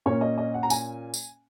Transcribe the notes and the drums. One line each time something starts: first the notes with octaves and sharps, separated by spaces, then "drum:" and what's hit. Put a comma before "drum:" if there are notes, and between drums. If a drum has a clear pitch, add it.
A#2 A#3 C#4 C#5
D#5
D#5
F#5
A#5
G#5, drum: tambourine
drum: tambourine